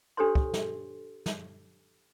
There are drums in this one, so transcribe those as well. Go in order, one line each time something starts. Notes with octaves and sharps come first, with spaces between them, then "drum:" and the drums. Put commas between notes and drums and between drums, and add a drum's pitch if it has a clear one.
D4 G4 A4 C5 C#5 C6
drum: kick
drum: snare
drum: snare